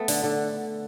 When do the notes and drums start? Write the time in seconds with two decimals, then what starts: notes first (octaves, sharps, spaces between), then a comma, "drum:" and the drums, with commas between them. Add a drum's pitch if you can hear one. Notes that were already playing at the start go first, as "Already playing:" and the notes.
Already playing: A3 B3
0.08 D3, drum: open hi-hat
0.24 D3